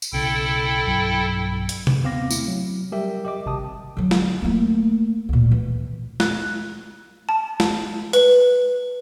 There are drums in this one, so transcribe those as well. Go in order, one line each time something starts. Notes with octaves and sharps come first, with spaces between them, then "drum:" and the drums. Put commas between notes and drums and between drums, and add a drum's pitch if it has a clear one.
drum: tambourine
B1 C#3 E4 A4 G5
B1 G2 F#3
drum: hi-hat
drum: tom C3
D#2 B3 C4 F5 D6 A#6
A3 E4, drum: tambourine
F#3
G3 G4 A#4 E5 G5
G4 D#5 D6
G#1 C3 A5 D#6
D3 F#3
drum: snare
A3 A#3
D2 A#2
E3
F#6, drum: snare
A5
drum: snare
B4, drum: hi-hat